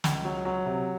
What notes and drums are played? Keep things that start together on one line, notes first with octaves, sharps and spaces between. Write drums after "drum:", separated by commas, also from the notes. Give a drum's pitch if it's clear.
C#2, drum: snare
F#3
F#3
C3